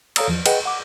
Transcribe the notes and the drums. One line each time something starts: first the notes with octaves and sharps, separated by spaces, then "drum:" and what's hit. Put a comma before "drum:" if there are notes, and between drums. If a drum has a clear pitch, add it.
A4 C#5 F5 A#5 D#6 E6, drum: cymbal
E2 F3
G#4 B4 D#5 F#5 G5, drum: cymbal
F#5 D6